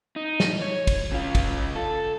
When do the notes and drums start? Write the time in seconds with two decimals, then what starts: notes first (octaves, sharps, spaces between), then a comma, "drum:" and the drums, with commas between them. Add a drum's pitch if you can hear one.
0.16 D#4
0.40 drum: snare
0.62 C#5
0.87 drum: kick, cymbal
1.12 C#3 F4
1.35 drum: kick, cymbal
1.75 A4